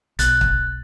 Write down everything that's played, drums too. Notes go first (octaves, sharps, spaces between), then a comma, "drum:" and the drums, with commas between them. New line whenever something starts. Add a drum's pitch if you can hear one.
B1 F#6 A6, drum: hi-hat
drum: kick